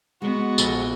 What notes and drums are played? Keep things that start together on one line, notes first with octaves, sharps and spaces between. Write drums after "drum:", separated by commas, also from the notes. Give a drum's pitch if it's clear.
G#3 B3 F#4
A#1 A4 B5, drum: tambourine